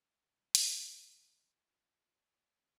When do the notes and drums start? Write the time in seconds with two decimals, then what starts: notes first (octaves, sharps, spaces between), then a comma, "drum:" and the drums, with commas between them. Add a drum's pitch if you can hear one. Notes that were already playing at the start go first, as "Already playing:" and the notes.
0.30 G#2 C#3
0.55 C4 F#4, drum: hi-hat
1.05 E2 D#3
1.35 D#5 E5
1.66 F4
2.10 C#5 D#5